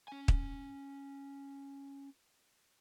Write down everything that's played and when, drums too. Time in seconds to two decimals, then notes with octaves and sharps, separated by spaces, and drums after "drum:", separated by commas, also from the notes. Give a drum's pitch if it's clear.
0.08 C#4 G#5
0.28 drum: kick